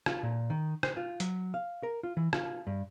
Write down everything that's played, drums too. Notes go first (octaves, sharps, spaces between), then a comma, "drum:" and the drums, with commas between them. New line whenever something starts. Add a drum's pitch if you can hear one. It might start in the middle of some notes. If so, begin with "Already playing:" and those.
F4, drum: rim click
A#2
D#3
C5, drum: rim click
F4
F#3, drum: hi-hat
F5
A#4
F4
E3
F4, drum: rim click
G2